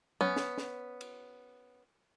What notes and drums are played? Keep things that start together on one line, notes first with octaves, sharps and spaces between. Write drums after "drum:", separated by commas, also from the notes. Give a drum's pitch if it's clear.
B3 C#4, drum: tom F#3
drum: snare
drum: snare
drum: cymbal